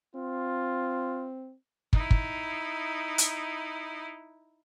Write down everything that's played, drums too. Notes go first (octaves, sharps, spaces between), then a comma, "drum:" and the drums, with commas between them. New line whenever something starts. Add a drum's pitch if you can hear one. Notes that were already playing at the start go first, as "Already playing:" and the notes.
C4 F4
D#4 E4, drum: kick
drum: kick
drum: hi-hat